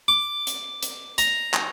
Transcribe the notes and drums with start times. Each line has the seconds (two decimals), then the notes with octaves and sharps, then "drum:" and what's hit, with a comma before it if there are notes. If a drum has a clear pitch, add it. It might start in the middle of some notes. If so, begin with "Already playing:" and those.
0.08 D6
0.47 drum: hi-hat
0.83 drum: hi-hat
1.18 A#5, drum: hi-hat
1.54 drum: clap